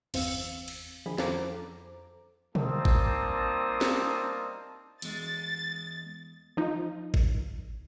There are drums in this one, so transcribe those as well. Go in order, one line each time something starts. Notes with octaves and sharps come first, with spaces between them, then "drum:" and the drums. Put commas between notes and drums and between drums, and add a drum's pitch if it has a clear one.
G1 E2 C4 F5 E6 C#7, drum: cymbal
drum: cymbal
D3 D#3 F3 G#4 B5
F2 F3 A4 C5 A#5 D6, drum: snare
G3 A#3 C4 D#4 A5 D#6, drum: tom
drum: kick G#1
drum: snare
E2 G#3 A6, drum: hi-hat
F3 D#4
drum: kick G#1